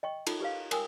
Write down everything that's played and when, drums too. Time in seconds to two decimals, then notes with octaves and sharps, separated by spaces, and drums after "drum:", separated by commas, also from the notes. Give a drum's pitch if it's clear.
0.03 D#5 G5 C#6
0.27 D#4 F4 A4, drum: cymbal
0.40 G4 B4 F5
0.71 A#4 G5 G#5 D#6 E6, drum: cymbal